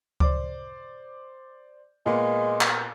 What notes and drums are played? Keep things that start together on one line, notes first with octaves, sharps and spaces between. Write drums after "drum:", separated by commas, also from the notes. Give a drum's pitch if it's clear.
C5 D5 D6, drum: kick C#2
A#2 G#3 A#3 B3
drum: clap